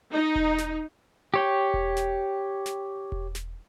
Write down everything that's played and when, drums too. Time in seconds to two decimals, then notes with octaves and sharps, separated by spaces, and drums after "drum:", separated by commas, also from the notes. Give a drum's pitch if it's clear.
0.12 D#4
0.35 drum: kick E1
0.59 drum: snare
1.34 G4 C#5 G5
1.74 drum: kick E1
1.97 drum: snare
2.66 drum: snare
3.12 drum: kick E1
3.35 drum: snare